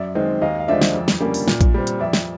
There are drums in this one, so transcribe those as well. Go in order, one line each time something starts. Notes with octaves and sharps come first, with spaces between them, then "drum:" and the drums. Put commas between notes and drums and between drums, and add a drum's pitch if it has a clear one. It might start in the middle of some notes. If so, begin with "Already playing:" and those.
Already playing: F#2 D5 E5
D#3 G#3 C4
D#2 D#5 F5
F5
D3 F3 G#3 D5 E5
drum: snare
F2
drum: snare
D3 G3 A#3 C#4
drum: open hi-hat
A#2, drum: snare
drum: kick A#1, hi-hat
G3 C4
drum: hi-hat
F2 D5 E5
drum: snare